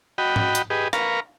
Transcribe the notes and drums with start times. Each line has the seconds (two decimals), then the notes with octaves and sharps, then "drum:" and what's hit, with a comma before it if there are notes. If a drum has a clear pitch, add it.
0.18 F#4 D#5 G5 B5
0.36 drum: tom G#2
0.55 drum: hi-hat
0.70 G4 G#4 B4 D#5
0.93 A#4 B4 F5 A#5 C#6, drum: rim click